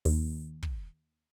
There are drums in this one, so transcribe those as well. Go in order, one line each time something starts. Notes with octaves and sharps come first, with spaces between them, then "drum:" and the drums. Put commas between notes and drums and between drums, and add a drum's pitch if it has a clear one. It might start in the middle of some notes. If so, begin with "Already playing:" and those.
D#2, drum: open hi-hat
drum: kick